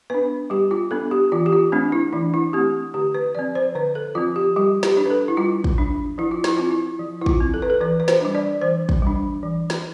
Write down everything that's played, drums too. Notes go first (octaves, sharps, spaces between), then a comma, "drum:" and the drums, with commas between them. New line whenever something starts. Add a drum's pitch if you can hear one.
B3 D4 B4
G3 G4
F4
B3 D4 A4
G4
E3 F4
G4
F4
A3 C4 D4
E4
E3 D4
E4
A3 C4 G4
D3 G4
B4
F3 C4 D5
C5
D3 B4
A4
F3 C4 F4
G4
G3 G4
G4, drum: snare
D4
B4
A4
E4
G3 F4
drum: kick
D4
F3 E4
F4
E4, drum: snare
C4 F4
E4
F3
E4
F4, drum: kick
C4
A4
B4
A4
E3 B4
B4
C5, drum: snare
G3 D4
D5
E3 C5
drum: kick
G3 D4
E3
drum: snare